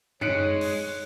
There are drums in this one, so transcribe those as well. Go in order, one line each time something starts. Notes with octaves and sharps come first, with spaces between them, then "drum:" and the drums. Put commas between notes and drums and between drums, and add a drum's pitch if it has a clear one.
G#3 D#4 C#5 F#6 C#7 D7, drum: tom F#2
drum: open hi-hat